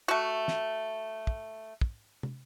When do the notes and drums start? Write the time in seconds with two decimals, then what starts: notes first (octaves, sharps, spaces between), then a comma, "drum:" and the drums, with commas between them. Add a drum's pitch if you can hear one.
0.08 A3 F#4
0.48 drum: snare
1.27 drum: kick
1.81 drum: kick
2.23 drum: tom